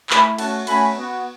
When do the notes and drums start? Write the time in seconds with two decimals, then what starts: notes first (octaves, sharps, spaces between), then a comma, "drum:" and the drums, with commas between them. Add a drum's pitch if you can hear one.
0.10 A3 E4 G#5 B5, drum: clap
0.38 A3 C#4 F#4 F#5 A5, drum: cymbal
0.67 A3 C#4 F#4 G#5 B5, drum: cymbal
0.96 B3 F#4